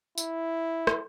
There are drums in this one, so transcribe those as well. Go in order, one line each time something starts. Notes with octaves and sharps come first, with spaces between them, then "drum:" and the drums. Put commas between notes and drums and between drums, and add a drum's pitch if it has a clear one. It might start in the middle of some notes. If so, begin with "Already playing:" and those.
E4, drum: tambourine
drum: rim click